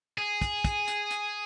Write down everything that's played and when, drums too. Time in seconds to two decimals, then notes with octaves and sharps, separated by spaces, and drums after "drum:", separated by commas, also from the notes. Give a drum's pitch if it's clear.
0.18 G#4
0.42 drum: kick, hi-hat
0.65 drum: kick, hi-hat
0.88 drum: hi-hat
1.11 drum: hi-hat